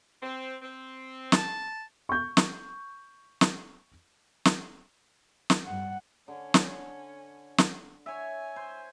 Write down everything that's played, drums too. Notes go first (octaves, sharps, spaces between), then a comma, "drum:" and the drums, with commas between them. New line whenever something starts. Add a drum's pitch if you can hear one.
C4
C4
A5, drum: snare
C#6 G6
drum: snare
drum: snare
drum: snare
drum: snare
G2 G3 F#5
D3 C#4
drum: snare
drum: snare
C#5 E5 G#5
C5